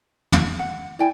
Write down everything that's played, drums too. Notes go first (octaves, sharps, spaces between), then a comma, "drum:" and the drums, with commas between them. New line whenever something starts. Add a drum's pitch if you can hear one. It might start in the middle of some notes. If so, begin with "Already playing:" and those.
drum: tom
F#5
E4 D5 G5 G#5